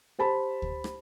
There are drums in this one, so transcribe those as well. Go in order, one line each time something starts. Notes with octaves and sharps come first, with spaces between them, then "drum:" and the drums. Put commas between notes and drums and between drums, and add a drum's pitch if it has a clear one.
G4 C5 A5 B5
drum: kick D2
drum: rim click